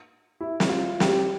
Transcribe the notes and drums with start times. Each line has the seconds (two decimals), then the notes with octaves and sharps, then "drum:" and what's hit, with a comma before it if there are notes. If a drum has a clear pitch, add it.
0.41 E4
0.60 drum: snare
0.69 F4
1.00 G4, drum: snare